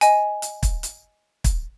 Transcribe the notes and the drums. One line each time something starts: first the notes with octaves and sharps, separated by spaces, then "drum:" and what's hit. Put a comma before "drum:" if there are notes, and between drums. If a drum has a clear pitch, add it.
D#5 G#5, drum: hi-hat
drum: hi-hat
drum: kick, hi-hat
drum: hi-hat
drum: kick, hi-hat